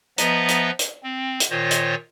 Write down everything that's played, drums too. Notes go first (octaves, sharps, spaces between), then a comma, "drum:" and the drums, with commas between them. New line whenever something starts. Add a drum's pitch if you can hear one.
F3 B3 B4 D#5 E5 A#5, drum: hi-hat
drum: hi-hat
drum: hi-hat
C4
drum: hi-hat
A#2 D#3 F4 C5 C#5 A#6
drum: hi-hat